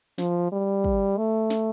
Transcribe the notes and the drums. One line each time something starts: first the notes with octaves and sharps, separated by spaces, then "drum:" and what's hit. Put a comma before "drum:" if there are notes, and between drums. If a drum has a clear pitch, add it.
F3, drum: snare
G3
drum: kick
A3
drum: snare